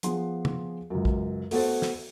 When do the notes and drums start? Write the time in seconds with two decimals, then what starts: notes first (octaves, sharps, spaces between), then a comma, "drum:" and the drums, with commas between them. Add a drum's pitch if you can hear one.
0.03 F3 B3 G#4 C6, drum: hi-hat
0.45 drum: tom
0.90 C#2 F#2
1.05 drum: kick
1.51 A3 B3 F#4 A4 C5, drum: open hi-hat
1.82 drum: snare